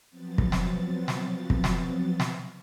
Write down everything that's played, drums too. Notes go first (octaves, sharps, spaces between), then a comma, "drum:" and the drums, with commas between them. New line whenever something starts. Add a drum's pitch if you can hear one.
F3 F#3 B3 C4 A6
drum: kick
drum: snare
drum: snare
drum: kick
drum: snare
drum: snare